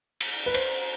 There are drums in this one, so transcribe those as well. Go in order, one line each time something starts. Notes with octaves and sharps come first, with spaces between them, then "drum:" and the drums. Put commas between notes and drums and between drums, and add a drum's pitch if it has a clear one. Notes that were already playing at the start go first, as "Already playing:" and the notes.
drum: cymbal
B4
C5, drum: cymbal